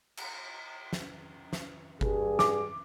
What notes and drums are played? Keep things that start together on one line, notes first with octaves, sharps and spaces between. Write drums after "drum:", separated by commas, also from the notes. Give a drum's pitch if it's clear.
drum: cymbal
drum: snare
drum: snare
G2 G#4, drum: kick G1
D6, drum: snare